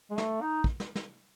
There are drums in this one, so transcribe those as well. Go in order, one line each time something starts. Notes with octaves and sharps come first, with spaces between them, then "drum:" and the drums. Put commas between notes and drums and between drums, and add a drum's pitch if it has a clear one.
G#3
A3, drum: snare
D#4
drum: kick
drum: snare
drum: snare